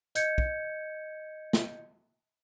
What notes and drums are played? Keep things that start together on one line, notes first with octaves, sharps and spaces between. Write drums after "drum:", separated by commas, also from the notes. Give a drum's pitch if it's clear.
D#5 G6 G#6 C#7, drum: hi-hat
drum: kick
drum: snare